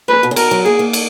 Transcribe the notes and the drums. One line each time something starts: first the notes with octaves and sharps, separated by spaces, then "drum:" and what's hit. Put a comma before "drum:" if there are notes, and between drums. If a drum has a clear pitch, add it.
A#2 B4
B2
C#3
B2 A#4, drum: cymbal
F#3
A#3 G#4
A#3
drum: cymbal